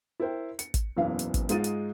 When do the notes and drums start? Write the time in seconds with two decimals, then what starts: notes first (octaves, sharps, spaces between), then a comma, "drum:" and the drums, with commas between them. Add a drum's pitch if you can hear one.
0.20 E4 A#4 C5 G5
0.59 C#7, drum: hi-hat
0.74 drum: kick, hi-hat
0.96 F#1 B1 E2 E3 F5
1.19 drum: hi-hat
1.34 drum: kick, hi-hat
1.49 G#2 G#3 D#4 F4 A6 D#7, drum: hi-hat
1.64 drum: hi-hat